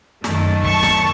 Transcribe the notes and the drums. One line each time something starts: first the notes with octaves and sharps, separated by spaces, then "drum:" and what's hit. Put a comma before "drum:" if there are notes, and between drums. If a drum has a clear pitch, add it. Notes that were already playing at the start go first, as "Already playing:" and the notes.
F#2 D#3 A3, drum: snare
A5 C#6, drum: kick
drum: snare